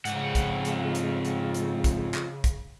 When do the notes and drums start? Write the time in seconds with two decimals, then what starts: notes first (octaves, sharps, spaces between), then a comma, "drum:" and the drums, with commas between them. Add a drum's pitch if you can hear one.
0.05 F2 G#2 C#3 F#5, drum: hi-hat
0.35 drum: kick B1, hi-hat
0.65 drum: hi-hat
0.95 drum: hi-hat
1.25 drum: hi-hat
1.54 drum: hi-hat
1.84 drum: kick B1, hi-hat
2.14 drum: clap
2.44 drum: kick B1, hi-hat